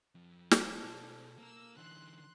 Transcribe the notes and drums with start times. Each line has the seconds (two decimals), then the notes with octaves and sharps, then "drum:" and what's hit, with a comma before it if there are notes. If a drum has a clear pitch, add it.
0.15 F2
0.51 A4 C5, drum: snare
0.84 B2 D5
1.38 A#3 A#4 E6
1.77 D3 E3 C6 F#6